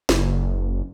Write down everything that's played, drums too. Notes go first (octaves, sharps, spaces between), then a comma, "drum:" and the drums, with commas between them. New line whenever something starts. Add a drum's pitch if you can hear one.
F#1, drum: snare